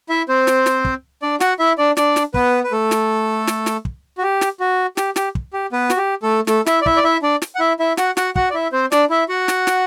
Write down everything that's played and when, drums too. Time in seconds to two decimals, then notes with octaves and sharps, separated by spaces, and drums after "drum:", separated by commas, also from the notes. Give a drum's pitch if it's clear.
0.09 E4 E5
0.28 C4 C5
0.47 drum: snare
0.66 drum: snare
0.85 drum: kick
1.22 D4 D5
1.40 F#4 F#5, drum: snare
1.59 E4 E5
1.78 D4 D5
1.97 D4 D5, drum: snare
2.16 drum: snare
2.34 B3 B4, drum: kick
2.64 B4
2.72 A3 A4
2.91 drum: snare
3.47 drum: snare
3.66 drum: snare
3.85 drum: kick
4.18 F#4
4.23 G4
4.41 drum: snare
4.60 F#4
4.97 G4, drum: snare
5.16 G4, drum: snare
5.35 drum: kick
5.53 G4
5.72 B3 B4
5.90 F#4, drum: snare
5.97 G4
6.22 A3 A4
6.47 A3 A4, drum: snare
6.66 E4 E5, drum: snare
6.82 D5
6.86 E4 E5, drum: kick
6.96 D5
7.04 E4 E5
7.22 D4 D5
7.42 drum: snare
7.55 F#5
7.60 E4 E5
7.80 E4 E5
7.97 F#4 F#5, drum: snare
8.17 F#4 F#5, drum: snare
8.36 F#4 F#5, drum: kick
8.50 D5
8.54 E4 E5
8.72 C4 C5
8.92 D4 D5, drum: snare
9.10 E4 E5
9.29 F#4 F#5
9.48 drum: snare
9.67 drum: snare